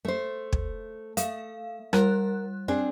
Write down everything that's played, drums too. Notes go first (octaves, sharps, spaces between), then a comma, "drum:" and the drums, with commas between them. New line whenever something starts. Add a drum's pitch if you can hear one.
A3 C5
drum: kick
A3 F5, drum: hi-hat
G3 A#4 F#6, drum: rim click
C4 D4 G#4